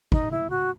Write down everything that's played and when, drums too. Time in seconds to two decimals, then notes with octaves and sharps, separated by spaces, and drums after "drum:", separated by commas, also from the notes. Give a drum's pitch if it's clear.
0.12 D#4, drum: kick
0.31 E4, drum: tom C#3
0.50 F#4